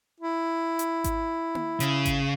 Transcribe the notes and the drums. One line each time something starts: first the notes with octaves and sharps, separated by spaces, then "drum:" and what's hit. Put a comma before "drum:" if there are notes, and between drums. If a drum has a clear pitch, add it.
E4
drum: hi-hat
drum: kick G#1, hi-hat
drum: tom A#3
C#3, drum: hi-hat
drum: kick G#1, hi-hat